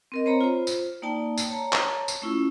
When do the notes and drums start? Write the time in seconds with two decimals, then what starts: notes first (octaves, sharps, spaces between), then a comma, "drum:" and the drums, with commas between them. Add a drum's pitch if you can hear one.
0.12 C4 A#4 D#5
0.26 C4 C5 C#5 A#5 B5
0.41 F4 C5
0.67 drum: tambourine
1.02 A#3 D#4 D5 G5 A5
1.38 drum: tambourine
1.49 C#5 A5 A#5
1.73 drum: clap
2.08 drum: tambourine
2.22 A3 C#4 E4 F4